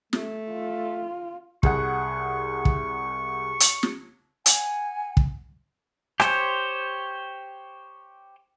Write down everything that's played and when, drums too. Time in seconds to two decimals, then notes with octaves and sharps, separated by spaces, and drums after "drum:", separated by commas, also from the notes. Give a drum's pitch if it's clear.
0.13 A3, drum: snare
0.51 F4
1.63 C2 G#4 F#5 C#6, drum: kick
2.65 drum: kick
3.60 drum: hi-hat
3.83 drum: snare
4.46 F#5 G#5, drum: hi-hat
5.17 drum: kick
6.20 G4 C5 C#5, drum: rim click